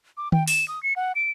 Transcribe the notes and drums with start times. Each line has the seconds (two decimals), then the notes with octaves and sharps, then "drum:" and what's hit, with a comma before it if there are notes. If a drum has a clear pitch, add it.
0.17 D6
0.32 G5, drum: tom D#3
0.48 E7, drum: open hi-hat
0.68 D#6
0.83 C#7
0.96 F#5
1.15 D7